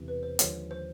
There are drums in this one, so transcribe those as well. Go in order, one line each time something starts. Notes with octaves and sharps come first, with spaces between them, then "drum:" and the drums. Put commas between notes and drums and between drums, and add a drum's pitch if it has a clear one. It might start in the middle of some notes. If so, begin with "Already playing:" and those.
Already playing: E1 E2 C3 E3
B4
C5
D#2 D3 F3 G#3 C#5, drum: hi-hat
C5